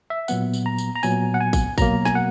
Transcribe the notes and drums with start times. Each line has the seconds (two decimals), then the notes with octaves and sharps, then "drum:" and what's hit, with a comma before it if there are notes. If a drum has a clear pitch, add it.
0.10 E5
0.28 A#2 F#3 B3 F#5, drum: tambourine
0.53 drum: tambourine
0.66 A#5
0.78 drum: tambourine
0.96 A#5
1.03 A#2 F#3 B3 G#5, drum: tambourine
1.34 F#5
1.41 G#5
1.53 drum: kick, tambourine
1.78 B2 F#3 A#3 A#5, drum: kick, tambourine
2.05 G#5, drum: snare
2.15 F#5